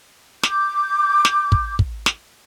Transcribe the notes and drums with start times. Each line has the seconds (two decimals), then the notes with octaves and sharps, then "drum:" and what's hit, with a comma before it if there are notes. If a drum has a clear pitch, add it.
0.43 D6 G6, drum: snare
1.25 drum: snare
1.52 drum: kick
1.79 drum: kick
2.06 drum: snare